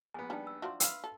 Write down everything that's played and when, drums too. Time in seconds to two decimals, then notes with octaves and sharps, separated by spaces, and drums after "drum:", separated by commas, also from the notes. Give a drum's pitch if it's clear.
0.14 A#1 B3 G#5
0.30 G3 D4 D#4 G5 A#5
0.47 E6
0.62 F3 F#3 D4 E5 C6
0.80 B4 F5 E6, drum: hi-hat
1.04 A4